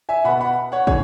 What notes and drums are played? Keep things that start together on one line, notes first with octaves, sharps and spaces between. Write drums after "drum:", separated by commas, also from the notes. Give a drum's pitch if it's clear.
E5 G#5
B2 B3 F#5 B5
F#5 B5
C#5 F#5
C#4 G#4 C#5, drum: kick